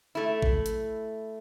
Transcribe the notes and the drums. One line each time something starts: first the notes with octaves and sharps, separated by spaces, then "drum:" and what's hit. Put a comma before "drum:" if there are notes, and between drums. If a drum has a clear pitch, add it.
A3 E4
drum: kick G#1
drum: hi-hat